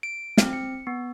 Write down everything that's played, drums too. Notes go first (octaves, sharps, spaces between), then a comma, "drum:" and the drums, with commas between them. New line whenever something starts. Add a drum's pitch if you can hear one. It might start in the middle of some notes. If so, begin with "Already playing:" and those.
D7
C4, drum: snare
C#7
B3